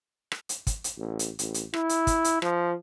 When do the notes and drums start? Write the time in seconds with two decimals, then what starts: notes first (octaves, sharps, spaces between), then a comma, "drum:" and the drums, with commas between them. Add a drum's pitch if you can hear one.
0.32 drum: rim click
0.49 drum: hi-hat
0.67 drum: kick, hi-hat
0.84 drum: hi-hat
0.97 A1
1.19 drum: hi-hat
1.39 A1, drum: hi-hat
1.54 drum: hi-hat
1.74 E4, drum: rim click
1.89 drum: hi-hat
2.07 drum: kick, hi-hat
2.24 drum: hi-hat
2.42 F3, drum: rim click